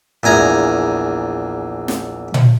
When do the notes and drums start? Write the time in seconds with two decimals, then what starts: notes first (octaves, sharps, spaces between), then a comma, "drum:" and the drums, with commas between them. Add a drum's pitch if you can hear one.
0.23 A#1 E2 G#5 A#5
1.88 drum: snare
2.34 drum: tom A#2